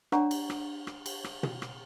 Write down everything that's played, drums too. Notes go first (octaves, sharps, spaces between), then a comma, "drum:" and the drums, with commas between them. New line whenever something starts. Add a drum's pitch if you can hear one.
D4 C#5 D5 F#5 A#5 C#6, drum: rim click
drum: cymbal
drum: rim click
drum: rim click
drum: cymbal
drum: rim click
drum: tom
drum: rim click